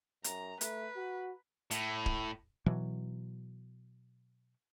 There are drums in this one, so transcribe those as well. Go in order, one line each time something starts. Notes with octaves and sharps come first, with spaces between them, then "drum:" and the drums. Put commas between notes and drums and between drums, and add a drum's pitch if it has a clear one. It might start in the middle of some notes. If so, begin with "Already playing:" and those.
F#2 A#5, drum: hi-hat
A3 B4, drum: hi-hat
F#4
A2, drum: hi-hat
drum: kick
B2 E3 F#3